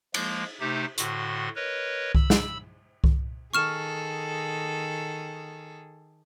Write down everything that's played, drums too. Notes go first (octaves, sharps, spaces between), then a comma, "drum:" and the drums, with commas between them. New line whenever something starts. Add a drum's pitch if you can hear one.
F3 G#3 A#3, drum: cymbal
C3 A3 D#4 G4 C5
A2 D3 F#4 C6, drum: hi-hat
A#4 B4 C#5 D#5
B5 E6, drum: kick C2
drum: snare
drum: kick C2
D#3 G#4 A4 C#6 F6 E7